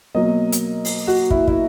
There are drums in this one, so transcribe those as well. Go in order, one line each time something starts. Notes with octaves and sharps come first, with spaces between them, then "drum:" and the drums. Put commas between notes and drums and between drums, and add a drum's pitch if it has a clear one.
B2 F#3 A#3 D#5
drum: hi-hat
drum: open hi-hat
F#4
E4, drum: kick
E4, drum: kick